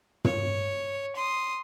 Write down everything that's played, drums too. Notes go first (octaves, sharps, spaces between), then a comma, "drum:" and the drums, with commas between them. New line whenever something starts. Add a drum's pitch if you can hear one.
C#5, drum: tom
C6 D#6